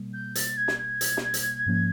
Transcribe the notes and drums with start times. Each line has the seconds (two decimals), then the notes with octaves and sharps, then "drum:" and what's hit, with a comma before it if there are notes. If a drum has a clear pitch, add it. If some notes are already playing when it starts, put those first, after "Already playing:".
Already playing: B2 G3 A#3
0.13 G6
0.35 A6, drum: hi-hat
0.57 G#6
0.68 drum: snare
0.79 G#6
1.01 drum: hi-hat
1.17 drum: snare
1.34 drum: hi-hat
1.66 G#2 F3 A#3 C#4